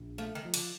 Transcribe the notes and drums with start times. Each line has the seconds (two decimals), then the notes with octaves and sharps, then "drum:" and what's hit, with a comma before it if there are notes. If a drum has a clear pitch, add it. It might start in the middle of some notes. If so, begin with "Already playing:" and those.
Already playing: A#1
0.18 F3 A3
0.35 D#3
0.45 F3
0.54 D3, drum: cymbal